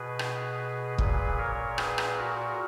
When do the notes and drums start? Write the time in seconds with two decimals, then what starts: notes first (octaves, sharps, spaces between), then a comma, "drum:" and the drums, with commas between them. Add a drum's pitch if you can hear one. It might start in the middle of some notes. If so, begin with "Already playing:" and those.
Already playing: B2 G#4 B4
0.19 drum: rim click
0.98 A#2 G#4 B4, drum: kick
1.38 A#4 C#5
1.78 G#4 B4, drum: rim click
1.98 drum: rim click
2.18 F#4 A#4